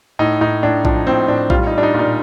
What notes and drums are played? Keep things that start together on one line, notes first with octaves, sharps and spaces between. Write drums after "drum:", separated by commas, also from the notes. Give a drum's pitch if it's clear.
A2 D#4
A2 D#4
A2 D4
F3 D4, drum: kick A#1
A2 C4
A2 D4
G3 F4, drum: kick A#1
D#4
G3
D4
D#4
A#2
D#4